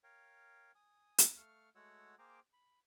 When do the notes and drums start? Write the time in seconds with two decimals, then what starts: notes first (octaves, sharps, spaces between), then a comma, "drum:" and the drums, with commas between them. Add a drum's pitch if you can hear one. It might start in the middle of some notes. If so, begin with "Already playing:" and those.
0.04 A#4 C#5 F5 G5
0.75 G#5 D#6
1.18 drum: hi-hat
1.37 A3 F5 C#6 F6
1.75 G#3 A3 F#4 C#5 F#5 E6
2.19 A#3 G#4 C5 G5 A#5 D6
2.53 B5